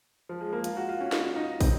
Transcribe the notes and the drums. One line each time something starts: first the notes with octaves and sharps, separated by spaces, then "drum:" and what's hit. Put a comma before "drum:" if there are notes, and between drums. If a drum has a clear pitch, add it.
F3
G#3
A#3
F4, drum: hi-hat
F#4
F4
C#4
D#4, drum: snare
F4
D#4
C4, drum: kick, open hi-hat